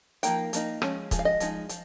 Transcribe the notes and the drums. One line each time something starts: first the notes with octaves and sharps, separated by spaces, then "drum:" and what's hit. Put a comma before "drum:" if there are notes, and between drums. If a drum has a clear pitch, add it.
F3 A#3 D#4 G5, drum: hi-hat
F3 A#3 D#4, drum: hi-hat
F3 G#3 C#4, drum: rim click
F3 G#3, drum: kick, hi-hat
F5
D#5
F3 G#3 D#4, drum: hi-hat
F3, drum: hi-hat